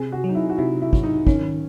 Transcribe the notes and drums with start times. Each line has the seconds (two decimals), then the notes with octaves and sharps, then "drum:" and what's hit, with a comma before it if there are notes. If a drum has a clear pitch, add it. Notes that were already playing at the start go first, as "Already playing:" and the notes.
Already playing: C3 G#4
0.12 F#4
0.24 F#3 D#4
0.35 E4
0.50 F#4
0.58 C3 E4
0.82 E4
0.93 F#3, drum: kick
1.03 D#4
1.27 D#3 C#4, drum: kick